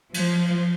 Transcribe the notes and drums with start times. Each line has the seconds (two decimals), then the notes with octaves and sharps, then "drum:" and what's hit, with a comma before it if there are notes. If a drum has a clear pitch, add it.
0.14 F3, drum: cymbal